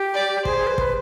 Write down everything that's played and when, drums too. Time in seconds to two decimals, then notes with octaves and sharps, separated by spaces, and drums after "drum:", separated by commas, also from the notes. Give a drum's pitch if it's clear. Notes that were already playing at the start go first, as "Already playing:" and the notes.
Already playing: G4
0.14 D5
0.45 G#4 C5, drum: kick
0.57 G#4
0.67 B4
0.78 B4, drum: kick